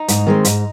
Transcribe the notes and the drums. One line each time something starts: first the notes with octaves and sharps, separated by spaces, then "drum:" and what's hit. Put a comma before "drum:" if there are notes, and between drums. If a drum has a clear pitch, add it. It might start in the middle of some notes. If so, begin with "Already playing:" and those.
Already playing: D#4
G#2, drum: hi-hat
D#3 G#3 C4
G#2, drum: hi-hat